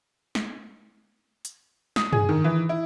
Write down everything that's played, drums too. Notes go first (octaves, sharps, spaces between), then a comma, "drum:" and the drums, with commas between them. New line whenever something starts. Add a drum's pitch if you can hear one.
drum: snare
drum: hi-hat
D#6, drum: snare
G#4, drum: tom
D#3
E3
E4